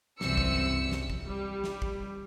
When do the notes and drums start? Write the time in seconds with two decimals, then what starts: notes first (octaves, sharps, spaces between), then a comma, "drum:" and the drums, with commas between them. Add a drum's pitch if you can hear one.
0.21 C2 F#2 E3 C4 E6 C#7, drum: snare
0.37 drum: kick
0.92 drum: snare
1.10 drum: kick
1.28 G3
1.64 drum: snare
1.82 drum: kick